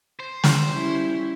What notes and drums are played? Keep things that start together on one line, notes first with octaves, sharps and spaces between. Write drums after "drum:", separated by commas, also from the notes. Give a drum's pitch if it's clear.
C5
drum: snare
G3 C#4 E4